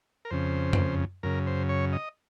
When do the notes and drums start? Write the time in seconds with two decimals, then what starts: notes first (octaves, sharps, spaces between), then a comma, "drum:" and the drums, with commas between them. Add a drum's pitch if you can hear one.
0.25 A#4
0.31 F2 C#3 C5
0.73 drum: tom F#2
1.23 F#2 C#3 A#4
1.47 C5
1.69 C#5
1.93 D#5